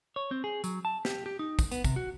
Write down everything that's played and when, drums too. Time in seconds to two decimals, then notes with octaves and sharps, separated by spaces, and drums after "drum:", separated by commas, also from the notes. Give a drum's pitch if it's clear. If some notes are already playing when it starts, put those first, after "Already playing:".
0.16 C#5
0.31 C4
0.44 G#4
0.64 F#3, drum: tambourine
0.85 A5
1.05 G4, drum: snare
1.26 G4
1.39 D#4
1.59 drum: kick, tambourine
1.72 B3, drum: tambourine
1.84 C3, drum: kick, tambourine
1.96 F#4